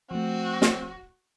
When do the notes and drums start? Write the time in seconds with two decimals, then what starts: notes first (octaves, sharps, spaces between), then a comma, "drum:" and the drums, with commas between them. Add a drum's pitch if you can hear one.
0.11 F3 A3 C4 F#4
0.62 drum: snare